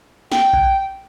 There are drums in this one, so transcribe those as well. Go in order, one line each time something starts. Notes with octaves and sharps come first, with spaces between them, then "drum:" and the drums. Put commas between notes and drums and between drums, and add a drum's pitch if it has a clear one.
G5, drum: snare
drum: kick A#1